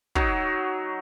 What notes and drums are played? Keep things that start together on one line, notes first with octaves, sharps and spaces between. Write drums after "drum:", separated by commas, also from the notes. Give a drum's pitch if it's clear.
F#3 D#4 C#5, drum: kick